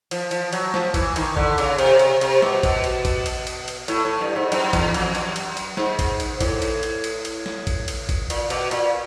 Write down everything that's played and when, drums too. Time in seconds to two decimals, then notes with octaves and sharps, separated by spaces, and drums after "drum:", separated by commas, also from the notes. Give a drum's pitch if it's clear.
0.11 F3, drum: cymbal
0.31 F3, drum: cymbal
0.53 F#3, drum: cymbal
0.74 F3, drum: snare
0.94 E3, drum: kick A1, cymbal
1.16 D#3, drum: cymbal
1.37 D3, drum: kick A1
1.58 C#3, drum: cymbal
1.78 C3, drum: cymbal
1.99 C3, drum: cymbal
2.21 C3, drum: cymbal
2.42 B2, drum: snare
2.63 B2, drum: kick A1, cymbal
2.84 drum: cymbal
3.05 drum: kick A1, cymbal
3.26 drum: cymbal
3.47 drum: cymbal
3.68 drum: cymbal
3.88 A2, drum: cymbal
4.05 A2
4.21 G2
4.36 G#2
4.52 F#2, drum: cymbal
4.73 E2, drum: kick A1, cymbal
4.94 F2, drum: cymbal
5.15 F#2, drum: cymbal
5.36 drum: cymbal
5.57 drum: cymbal
5.77 G#2, drum: snare
5.99 drum: kick A1, cymbal
6.20 drum: cymbal
6.40 A2, drum: kick A1, cymbal
6.62 drum: cymbal
6.83 drum: cymbal
7.04 drum: cymbal
7.25 drum: cymbal
7.46 drum: snare
7.67 drum: kick A1, cymbal
7.88 drum: cymbal
8.09 drum: kick A1, cymbal
8.30 A#2, drum: cymbal
8.50 B2, drum: cymbal
8.71 A#2, drum: cymbal